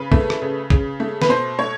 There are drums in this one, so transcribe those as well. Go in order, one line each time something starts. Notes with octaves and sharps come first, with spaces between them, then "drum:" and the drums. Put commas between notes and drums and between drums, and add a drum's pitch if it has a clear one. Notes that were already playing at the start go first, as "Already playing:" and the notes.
Already playing: C#3 B4
A3, drum: kick A1
drum: rim click
C#3
C#3, drum: kick A1
A3
B4, drum: snare
B2 C5
A3 C#5